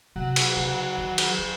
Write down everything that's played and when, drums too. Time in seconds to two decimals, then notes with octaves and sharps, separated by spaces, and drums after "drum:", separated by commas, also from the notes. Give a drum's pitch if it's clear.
0.16 C3 F#3
0.36 drum: cymbal
0.56 C#3
0.98 D#3
1.18 drum: cymbal
1.38 F#3